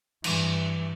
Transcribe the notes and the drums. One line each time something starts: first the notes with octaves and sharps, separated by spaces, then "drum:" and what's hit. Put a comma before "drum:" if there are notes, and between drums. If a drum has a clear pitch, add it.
G2 E3, drum: cymbal